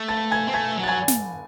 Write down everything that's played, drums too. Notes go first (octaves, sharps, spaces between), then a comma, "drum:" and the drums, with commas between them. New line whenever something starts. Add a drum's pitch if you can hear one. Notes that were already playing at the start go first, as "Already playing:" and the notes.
Already playing: A3
A5 A6
G#5 G#6
C4
A3 G#5 G#6
F#3
A6
G#5 G#6
drum: snare